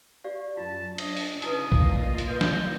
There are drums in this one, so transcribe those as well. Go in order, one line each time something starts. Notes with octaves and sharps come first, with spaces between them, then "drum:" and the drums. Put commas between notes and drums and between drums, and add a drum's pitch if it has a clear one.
G4 D5 F5
F#2 F4 A5
D4 D#5, drum: cymbal
drum: open hi-hat
C#3 D#4 E4 B4 D#6, drum: hi-hat
A#2 F4 D#5, drum: kick A#1
drum: hi-hat
B4 G6
drum: snare